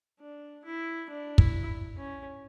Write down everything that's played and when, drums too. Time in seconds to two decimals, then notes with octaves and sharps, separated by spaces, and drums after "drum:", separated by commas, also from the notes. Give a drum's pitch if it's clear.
0.20 D4
0.65 E4
1.09 D4
1.38 E4, drum: kick
1.97 C#4